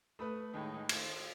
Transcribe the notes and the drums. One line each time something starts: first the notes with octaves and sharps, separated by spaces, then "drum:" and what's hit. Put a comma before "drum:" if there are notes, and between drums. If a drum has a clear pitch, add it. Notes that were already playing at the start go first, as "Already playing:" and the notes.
A3 B4 B5 D#6
D#2 A2 G#3 D#4
F4 G#6, drum: cymbal